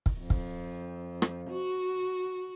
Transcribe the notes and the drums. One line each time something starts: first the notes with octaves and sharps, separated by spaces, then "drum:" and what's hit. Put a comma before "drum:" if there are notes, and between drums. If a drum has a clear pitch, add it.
drum: kick
F2
drum: kick
drum: rim click
F#4